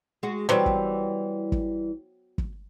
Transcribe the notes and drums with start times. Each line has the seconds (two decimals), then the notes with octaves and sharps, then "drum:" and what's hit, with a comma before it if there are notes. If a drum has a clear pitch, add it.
0.23 G#3 F#4
0.49 E3 F#3 G3 B3 C4
0.66 drum: kick
1.52 drum: kick
2.38 drum: kick